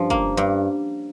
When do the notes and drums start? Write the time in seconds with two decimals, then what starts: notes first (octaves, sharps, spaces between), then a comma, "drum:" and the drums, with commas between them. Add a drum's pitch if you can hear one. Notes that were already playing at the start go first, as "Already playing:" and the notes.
Already playing: G2 F3 C#4
0.10 A#3, drum: kick
0.37 G2